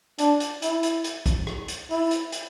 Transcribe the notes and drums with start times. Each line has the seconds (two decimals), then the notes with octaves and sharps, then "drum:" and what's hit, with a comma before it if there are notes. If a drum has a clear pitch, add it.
0.19 D4, drum: hi-hat
0.40 drum: hi-hat
0.62 E4, drum: hi-hat
0.83 drum: hi-hat
1.04 drum: hi-hat
1.26 drum: kick, hi-hat
1.47 drum: rim click
1.68 drum: hi-hat
1.90 E4, drum: open hi-hat
2.11 drum: hi-hat
2.32 drum: hi-hat